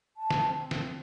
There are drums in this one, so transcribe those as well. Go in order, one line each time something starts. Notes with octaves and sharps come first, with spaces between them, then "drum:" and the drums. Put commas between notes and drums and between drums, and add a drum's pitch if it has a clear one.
A5
drum: snare
C4
drum: snare